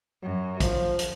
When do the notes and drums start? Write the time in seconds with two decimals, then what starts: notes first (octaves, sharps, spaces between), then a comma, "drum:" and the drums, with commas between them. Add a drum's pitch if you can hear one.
0.23 F#2 F#3
0.60 F3, drum: kick, hi-hat
0.99 drum: hi-hat